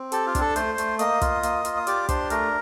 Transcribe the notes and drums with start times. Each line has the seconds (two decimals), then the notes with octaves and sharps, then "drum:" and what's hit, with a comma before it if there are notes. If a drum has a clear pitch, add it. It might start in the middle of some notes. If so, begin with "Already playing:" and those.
Already playing: C4
0.12 G4 A4 A5, drum: hi-hat
0.27 F4 F5
0.35 D4, drum: kick, hi-hat
0.41 A4 A5
0.56 A3 C5 C6, drum: hi-hat
0.78 A3, drum: hi-hat
0.99 A#3 D#5 D#6, drum: hi-hat
1.21 F4, drum: kick, hi-hat
1.43 A#3, drum: hi-hat
1.65 F4, drum: hi-hat
1.77 D#6
1.87 G4 D5 D6, drum: hi-hat
2.09 D4 C5 C6, drum: kick, hi-hat
2.30 A3 A#4 A#5, drum: hi-hat